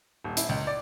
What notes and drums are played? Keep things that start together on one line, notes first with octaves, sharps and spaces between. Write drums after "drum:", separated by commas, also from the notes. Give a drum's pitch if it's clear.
D#1
E4, drum: hi-hat
C#2
D5